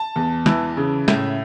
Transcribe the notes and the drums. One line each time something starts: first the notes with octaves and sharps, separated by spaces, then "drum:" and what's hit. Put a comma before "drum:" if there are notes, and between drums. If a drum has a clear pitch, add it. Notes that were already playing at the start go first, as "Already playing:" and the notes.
Already playing: A5
E2
E3, drum: snare
C#3
A2 E5, drum: snare